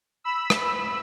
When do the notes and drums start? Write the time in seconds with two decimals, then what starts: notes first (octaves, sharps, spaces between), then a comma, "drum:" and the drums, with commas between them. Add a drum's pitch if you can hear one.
0.24 B5 E6
0.50 drum: rim click